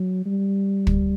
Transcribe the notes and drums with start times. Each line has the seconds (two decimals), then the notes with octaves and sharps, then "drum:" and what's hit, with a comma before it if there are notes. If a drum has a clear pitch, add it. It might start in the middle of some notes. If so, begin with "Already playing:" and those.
Already playing: F#3
0.26 G3
0.87 drum: kick